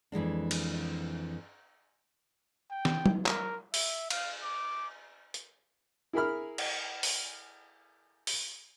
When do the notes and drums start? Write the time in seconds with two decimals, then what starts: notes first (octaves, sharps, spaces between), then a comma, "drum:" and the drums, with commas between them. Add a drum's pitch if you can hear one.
0.12 F2 E3 G#3 D4
0.51 drum: cymbal
2.71 G5
2.85 drum: snare
3.06 drum: tom F#3
3.26 A#4, drum: clap
3.74 E5, drum: open hi-hat
4.10 F5, drum: cymbal
4.43 D6
5.34 drum: hi-hat
6.13 E4 G#4 A#4 B5 F6
6.58 drum: cymbal
7.03 drum: open hi-hat
8.27 drum: open hi-hat